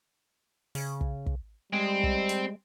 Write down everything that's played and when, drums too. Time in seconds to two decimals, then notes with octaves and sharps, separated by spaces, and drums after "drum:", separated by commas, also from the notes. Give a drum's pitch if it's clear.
0.75 C#3, drum: open hi-hat
1.01 drum: kick
1.26 drum: kick
1.73 G3 G#3 C4
2.03 drum: kick
2.29 drum: hi-hat